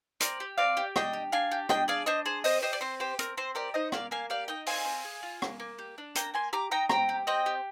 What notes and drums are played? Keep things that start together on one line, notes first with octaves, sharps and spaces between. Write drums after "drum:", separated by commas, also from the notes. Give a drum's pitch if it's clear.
C4 A#4 D5, drum: hi-hat
G4
C4 D5 F5
G4
D4 D#5 G5, drum: rim click
G4
D4 F5 G#5
G4
D4 D#5 G5, drum: rim click
G#4 D5 F5
D4 C5 D#5
G#4 C5
C4 C5 D#5, drum: open hi-hat
G4 C5 D#5
D5
C4 C5
G4 C5
C4 A#4, drum: hi-hat
C4 C5
G4 A#4 D5
D#4 C5 D#5
A#3 D5 F5, drum: rim click
A#3 F5 G#5
G4 D5 F5
D#4 D#5 G5
C4 F5 G#5, drum: open hi-hat
C4
G#4
F4
A#3, drum: rim click
A#3
G4
D4
A#3 G5 A#5, drum: hi-hat
A#3 G#5 C6
G4 A#5 D6
D#4 G5 A#5
C4 G5 A#5, drum: rim click
G4
C4 D#5 G5
G4